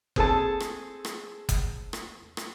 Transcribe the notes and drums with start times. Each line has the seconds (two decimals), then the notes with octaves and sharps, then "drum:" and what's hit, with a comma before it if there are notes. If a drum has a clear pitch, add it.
0.16 C4 G#4 A4 A5, drum: kick F#1
0.60 drum: rim click
1.05 drum: rim click
1.49 drum: kick F#1, hi-hat
1.93 drum: rim click
2.37 drum: rim click